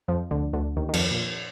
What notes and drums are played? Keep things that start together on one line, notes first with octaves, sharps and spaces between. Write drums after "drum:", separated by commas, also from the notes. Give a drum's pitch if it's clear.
F2 F3
D2 D3
D2 D3
D#2 D#3
D#3
F2 F3, drum: cymbal
A#2